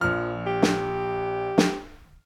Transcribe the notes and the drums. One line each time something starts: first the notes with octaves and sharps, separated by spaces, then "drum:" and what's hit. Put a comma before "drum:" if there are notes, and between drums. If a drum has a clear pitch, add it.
A#1 F3 F6
G4
drum: snare
drum: snare